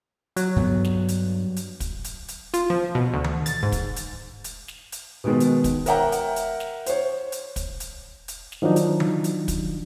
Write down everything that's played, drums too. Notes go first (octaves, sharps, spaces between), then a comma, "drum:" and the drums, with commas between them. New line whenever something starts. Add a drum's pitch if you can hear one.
F#3, drum: hi-hat
G2 B3
drum: snare
drum: hi-hat
drum: hi-hat
drum: kick, hi-hat
drum: hi-hat
drum: hi-hat
F4, drum: hi-hat
F3
B2
D2
drum: tom D#3
A6, drum: hi-hat
G#2
drum: kick, hi-hat
drum: hi-hat
drum: hi-hat
drum: snare
drum: hi-hat
B2 D#3 G#3 B3
drum: hi-hat
drum: kick, hi-hat
A#4 C#5 E5 F#5 G5 A#5, drum: hi-hat
drum: hi-hat
drum: hi-hat
drum: snare
C5 C#5, drum: hi-hat
drum: hi-hat
drum: kick, hi-hat
drum: hi-hat
drum: hi-hat
drum: snare
D#3 F3 F#3 D4 D#4
drum: hi-hat
drum: tom D#3
drum: hi-hat
drum: kick, hi-hat